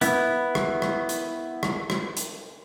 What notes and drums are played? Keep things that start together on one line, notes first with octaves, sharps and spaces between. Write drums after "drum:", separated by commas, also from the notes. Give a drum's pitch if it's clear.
B3 E4, drum: hi-hat
drum: rim click
drum: rim click
drum: hi-hat
drum: rim click
drum: rim click
drum: hi-hat